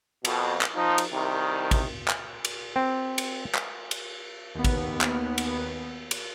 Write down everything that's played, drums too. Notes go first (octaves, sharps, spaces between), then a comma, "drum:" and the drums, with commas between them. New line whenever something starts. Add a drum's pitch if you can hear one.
F2 B2, drum: cymbal
drum: clap
F3 D#4
drum: cymbal
C2 C3 D#3
drum: kick, cymbal
drum: clap
drum: cymbal
C4
drum: cymbal
drum: clap
drum: cymbal
D#2 B3
drum: kick, cymbal
drum: clap
drum: cymbal
drum: cymbal